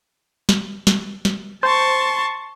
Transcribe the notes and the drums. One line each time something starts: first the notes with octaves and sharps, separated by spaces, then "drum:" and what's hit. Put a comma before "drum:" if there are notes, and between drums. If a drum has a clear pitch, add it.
drum: snare
drum: snare
drum: snare
C5 A5 C6 C#6